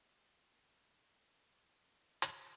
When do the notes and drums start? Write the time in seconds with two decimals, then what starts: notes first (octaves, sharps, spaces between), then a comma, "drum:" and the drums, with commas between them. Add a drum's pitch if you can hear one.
0.05 A3 C#4 F#4 D#5 E5
2.22 drum: hi-hat